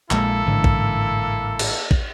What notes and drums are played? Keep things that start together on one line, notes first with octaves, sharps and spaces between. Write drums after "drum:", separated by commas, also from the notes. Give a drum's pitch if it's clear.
A#1 G#3 A#3 E4 A4, drum: clap
A1 G#2 D3
drum: kick
drum: cymbal
drum: kick